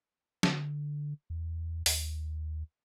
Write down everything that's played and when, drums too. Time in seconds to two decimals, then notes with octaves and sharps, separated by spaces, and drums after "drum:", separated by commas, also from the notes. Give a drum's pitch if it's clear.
0.43 D3, drum: snare
1.30 E2
1.86 D#2, drum: open hi-hat